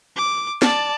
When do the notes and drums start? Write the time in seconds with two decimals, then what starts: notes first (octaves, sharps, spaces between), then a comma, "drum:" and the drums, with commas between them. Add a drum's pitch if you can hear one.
0.16 D6
0.62 D5 A5, drum: snare